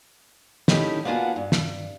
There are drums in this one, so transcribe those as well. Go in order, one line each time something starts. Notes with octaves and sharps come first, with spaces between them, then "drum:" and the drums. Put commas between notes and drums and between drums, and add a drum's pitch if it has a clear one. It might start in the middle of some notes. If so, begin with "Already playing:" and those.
A3 C#4 D#4 E4 G4, drum: snare
A#3 B3 D4 F4 F#4 G#5
G2
drum: snare